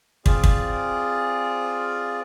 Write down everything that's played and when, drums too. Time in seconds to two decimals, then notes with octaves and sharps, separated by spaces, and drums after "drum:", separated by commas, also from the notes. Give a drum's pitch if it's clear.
0.26 C4 F4 G#4 D5, drum: kick
0.44 drum: kick